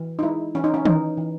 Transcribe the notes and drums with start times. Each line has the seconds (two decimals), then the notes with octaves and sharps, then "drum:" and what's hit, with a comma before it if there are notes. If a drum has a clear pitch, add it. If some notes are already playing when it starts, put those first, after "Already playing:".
Already playing: E3
0.19 D#4
0.23 G#3 E4
0.55 E3 C#4
0.64 D#4
0.74 C#4
0.86 E3 D#4, drum: tom D#3
1.17 E3